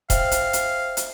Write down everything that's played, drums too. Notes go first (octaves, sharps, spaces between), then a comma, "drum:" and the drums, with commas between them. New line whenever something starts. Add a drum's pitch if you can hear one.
C5 E5 F5 G5, drum: kick D#1, hi-hat
drum: hi-hat
drum: hi-hat
drum: hi-hat